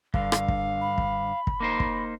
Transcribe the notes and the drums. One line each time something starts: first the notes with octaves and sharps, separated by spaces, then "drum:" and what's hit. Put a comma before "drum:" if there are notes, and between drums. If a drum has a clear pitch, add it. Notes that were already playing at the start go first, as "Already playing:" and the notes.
G2 D3 F5, drum: kick
drum: rim click
drum: kick
B5
drum: kick
drum: kick
A#3 D#4 C5
drum: kick